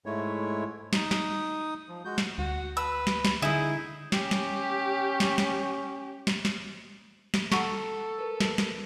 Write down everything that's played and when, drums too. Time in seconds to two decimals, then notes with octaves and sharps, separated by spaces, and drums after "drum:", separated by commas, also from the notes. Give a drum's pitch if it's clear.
0.06 G#2 G#3 A3 E4 C#5
0.93 D#4 D#6, drum: snare
1.11 drum: snare
1.88 F3
2.05 G#3 F#4 G6
2.18 drum: snare
2.38 D2 F#4
2.77 B4 E6
3.07 drum: snare
3.25 drum: snare
3.42 D3 D#4 E4 G#4
4.12 C#4 G4, drum: snare
4.31 drum: snare
5.20 drum: snare
5.38 drum: snare
6.27 drum: snare
6.45 drum: snare
7.34 drum: snare
7.52 A4 F#5 A#5 C#6, drum: snare
8.18 A#4 B4
8.40 drum: snare
8.58 drum: snare